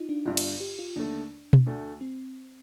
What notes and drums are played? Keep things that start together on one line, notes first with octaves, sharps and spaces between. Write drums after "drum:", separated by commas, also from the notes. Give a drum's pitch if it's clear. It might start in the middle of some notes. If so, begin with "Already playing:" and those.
Already playing: D#4 F4
D4
G1 G2 D3 F4
drum: cymbal
G4
F4
D#2 D3 A3 D4
drum: tom B2
D2 D3 A3
C4